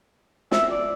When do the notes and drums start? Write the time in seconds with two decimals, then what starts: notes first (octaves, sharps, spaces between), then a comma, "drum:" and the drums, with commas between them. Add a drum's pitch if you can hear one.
0.51 E5, drum: snare
0.70 D5